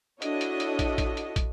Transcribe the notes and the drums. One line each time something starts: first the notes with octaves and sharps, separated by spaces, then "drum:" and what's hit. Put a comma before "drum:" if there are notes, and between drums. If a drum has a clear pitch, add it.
D4 E4 F#4 A4 C#5 D#5, drum: hi-hat
drum: hi-hat
drum: hi-hat
drum: kick, hi-hat
drum: kick, hi-hat
drum: hi-hat
drum: kick, hi-hat